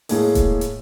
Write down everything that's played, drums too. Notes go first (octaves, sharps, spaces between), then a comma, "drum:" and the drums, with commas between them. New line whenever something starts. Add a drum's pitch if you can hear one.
A2 G#3 A#3 G#4, drum: open hi-hat
drum: kick D#1, hi-hat
drum: hi-hat